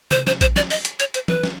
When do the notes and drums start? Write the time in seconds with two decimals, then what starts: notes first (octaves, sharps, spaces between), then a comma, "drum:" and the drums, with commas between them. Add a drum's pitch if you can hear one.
0.11 C5, drum: tom C3
0.27 C5, drum: snare
0.41 C5, drum: kick A#1, hi-hat
0.56 D5, drum: snare
0.70 D#5, drum: open hi-hat
0.85 drum: hi-hat
1.00 C#5, drum: hi-hat
1.14 C5, drum: hi-hat
1.28 B4, drum: tom E3
1.43 drum: snare